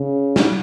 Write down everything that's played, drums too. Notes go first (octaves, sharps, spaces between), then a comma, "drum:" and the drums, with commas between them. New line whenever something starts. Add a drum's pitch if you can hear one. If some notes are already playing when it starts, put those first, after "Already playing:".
Already playing: C#3
drum: snare